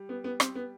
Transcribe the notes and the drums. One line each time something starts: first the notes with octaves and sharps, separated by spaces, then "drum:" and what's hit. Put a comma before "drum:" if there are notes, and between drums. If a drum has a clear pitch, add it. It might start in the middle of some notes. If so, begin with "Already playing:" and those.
Already playing: G3
B3
B3
C4, drum: rim click
B3